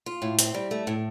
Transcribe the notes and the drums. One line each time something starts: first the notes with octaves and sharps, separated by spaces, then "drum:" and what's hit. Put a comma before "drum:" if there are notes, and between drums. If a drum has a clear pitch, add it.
F4
A2
C4, drum: hi-hat
G3
A3
A2